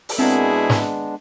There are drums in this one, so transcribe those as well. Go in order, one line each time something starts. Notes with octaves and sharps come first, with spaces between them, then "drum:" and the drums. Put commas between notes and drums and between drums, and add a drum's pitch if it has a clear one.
drum: open hi-hat
B2 G#3 B3 C4 D4 E4 G#4 A#4
drum: snare